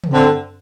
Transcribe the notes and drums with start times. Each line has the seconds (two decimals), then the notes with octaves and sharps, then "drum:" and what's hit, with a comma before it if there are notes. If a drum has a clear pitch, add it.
0.04 drum: tom
0.13 D3 C4